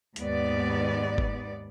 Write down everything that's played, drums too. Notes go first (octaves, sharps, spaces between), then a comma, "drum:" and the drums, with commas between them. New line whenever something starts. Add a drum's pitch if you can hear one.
D#2 G#2 B3 D5, drum: hi-hat
drum: kick G1